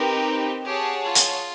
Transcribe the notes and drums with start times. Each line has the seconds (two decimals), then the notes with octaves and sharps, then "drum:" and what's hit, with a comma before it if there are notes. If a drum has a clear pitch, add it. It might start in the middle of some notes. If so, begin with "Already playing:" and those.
Already playing: C4 D#4 G4 A#4 B4
0.65 G4 G#4 C#5 F#5 A5
1.05 F4
1.15 drum: hi-hat